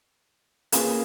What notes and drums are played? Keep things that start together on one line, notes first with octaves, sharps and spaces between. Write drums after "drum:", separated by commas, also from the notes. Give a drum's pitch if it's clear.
A#3 C#4 F4 G#4 B4, drum: hi-hat